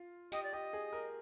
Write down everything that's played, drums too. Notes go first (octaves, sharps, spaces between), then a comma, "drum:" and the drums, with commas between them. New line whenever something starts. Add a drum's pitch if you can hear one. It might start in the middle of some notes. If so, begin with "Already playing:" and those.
Already playing: F4
G4 D#5, drum: tambourine
D5
G4 D#5
G#4
A#4